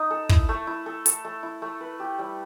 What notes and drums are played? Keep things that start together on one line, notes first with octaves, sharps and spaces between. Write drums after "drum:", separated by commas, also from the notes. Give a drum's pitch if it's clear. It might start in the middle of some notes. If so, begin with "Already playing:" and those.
Already playing: D#4
A4
E4, drum: kick
A3
E4
A4
A4, drum: hi-hat
A3
E4
A3
B4
G4
G3